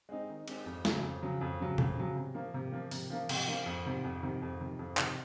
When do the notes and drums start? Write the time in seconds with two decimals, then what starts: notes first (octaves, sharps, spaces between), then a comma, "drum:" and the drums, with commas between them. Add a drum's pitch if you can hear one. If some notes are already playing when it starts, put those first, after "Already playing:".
0.09 G#3 C4 D#4
0.29 D#3
0.48 G#3 C4 D#4, drum: cymbal
0.66 F2
0.85 C#3 F#3, drum: snare
1.03 F2
1.23 C#3 F#3
1.41 F2
1.60 C#3 F#3
1.78 F2, drum: tom A#2
1.97 C#3 F#3
2.16 C3
2.34 F3 A#3
2.54 C3
2.72 F3 A#3
2.91 C3, drum: open hi-hat
3.10 F3 A#3
3.29 C3, drum: cymbal
3.48 F3 A#3
3.66 F2
3.86 C3 D#3
4.04 F2
4.23 C3 D#3
4.42 F2
4.61 C3 D#3
4.79 F2
4.97 C3 D#3, drum: clap